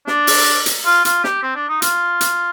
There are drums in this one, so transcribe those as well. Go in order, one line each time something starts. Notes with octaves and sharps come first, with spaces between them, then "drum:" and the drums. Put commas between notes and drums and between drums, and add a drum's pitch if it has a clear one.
D4, drum: snare
drum: open hi-hat
drum: hi-hat
F4
F4, drum: hi-hat
G4, drum: snare
C4
D4
D#4
F4, drum: hi-hat
drum: hi-hat